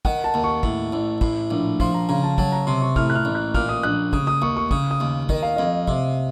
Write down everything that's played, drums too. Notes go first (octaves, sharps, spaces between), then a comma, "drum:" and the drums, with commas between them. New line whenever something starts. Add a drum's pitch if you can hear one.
D#3 F#5, drum: kick
A5
D#2
C#6
A2, drum: kick
A1
A2, drum: kick
A#1
F3 C6, drum: kick
A#5
C#3 A#5
A5
F#3 A5, drum: kick
A#5
C3 C6
C#6
A2 F6, drum: kick
F#6
F6
A1
F#6
A#2 F6, drum: kick
D#6
A#1 F#6
C#3 D#6, drum: kick
D#6
D#2 C#6
C#6
C#3 D#6, drum: kick
D#6
D#2
D#3 D#5, drum: kick
F5
F2 D#5
C3, drum: kick